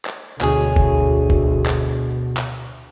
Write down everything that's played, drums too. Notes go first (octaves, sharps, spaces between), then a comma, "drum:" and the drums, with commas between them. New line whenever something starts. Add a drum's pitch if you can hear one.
drum: clap
D2 B2 G#4 C#5, drum: clap
drum: kick F#1
drum: kick F#1
drum: clap
drum: clap